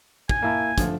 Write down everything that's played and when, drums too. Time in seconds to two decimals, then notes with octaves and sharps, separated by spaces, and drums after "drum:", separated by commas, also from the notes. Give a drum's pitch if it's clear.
0.29 G#5, drum: kick
0.42 A#3 E4 A5
0.78 D3 F3 A3, drum: kick, hi-hat